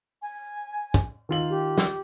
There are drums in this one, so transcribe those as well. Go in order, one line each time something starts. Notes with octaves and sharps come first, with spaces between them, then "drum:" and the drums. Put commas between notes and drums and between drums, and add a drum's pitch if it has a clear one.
G#5
drum: kick
D#3 F4 F#7
G4
drum: snare